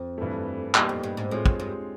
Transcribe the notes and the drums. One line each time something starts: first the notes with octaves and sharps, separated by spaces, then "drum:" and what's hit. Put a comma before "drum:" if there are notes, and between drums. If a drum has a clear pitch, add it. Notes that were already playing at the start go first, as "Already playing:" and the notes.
Already playing: F2
G2 E3 A3
E2 A#2 G3 B3 D#4 G4, drum: clap
F2
G2
G#2
A2 G#3 C4 F4 G#4 C#5
G2, drum: kick
G2